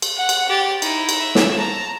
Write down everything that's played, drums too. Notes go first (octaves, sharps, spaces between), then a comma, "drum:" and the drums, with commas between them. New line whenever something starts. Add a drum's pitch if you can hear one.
drum: cymbal
F#5
drum: cymbal
G4 A6
D#4 E4, drum: cymbal
drum: cymbal
E5
drum: snare
A5 A#5